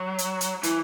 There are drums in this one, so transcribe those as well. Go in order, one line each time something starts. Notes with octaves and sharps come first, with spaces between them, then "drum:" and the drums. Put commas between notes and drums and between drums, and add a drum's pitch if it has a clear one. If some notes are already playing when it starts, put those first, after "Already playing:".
Already playing: F#3
drum: hi-hat
drum: hi-hat
E3, drum: hi-hat